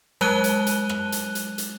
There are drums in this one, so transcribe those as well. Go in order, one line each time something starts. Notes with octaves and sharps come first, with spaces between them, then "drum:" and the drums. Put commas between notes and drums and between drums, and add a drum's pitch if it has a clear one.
F#3 G#3 A5 F#6 D#7 G7, drum: rim click
drum: hi-hat
drum: hi-hat
drum: rim click
drum: hi-hat
drum: hi-hat
drum: hi-hat